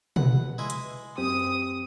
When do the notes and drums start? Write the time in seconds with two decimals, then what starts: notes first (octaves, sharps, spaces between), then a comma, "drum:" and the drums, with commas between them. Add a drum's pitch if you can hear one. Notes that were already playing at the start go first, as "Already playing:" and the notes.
0.16 B4 F#5, drum: tom
0.58 G#3 E4
0.70 drum: hi-hat
1.18 F#2 C4 G4 D#6